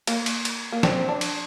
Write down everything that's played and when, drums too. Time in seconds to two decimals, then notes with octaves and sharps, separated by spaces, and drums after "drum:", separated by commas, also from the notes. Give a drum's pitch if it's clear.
0.07 A#3, drum: cymbal
0.26 drum: cymbal
0.45 drum: cymbal
0.72 A#3
0.83 C4, drum: snare
1.09 D4
1.21 drum: cymbal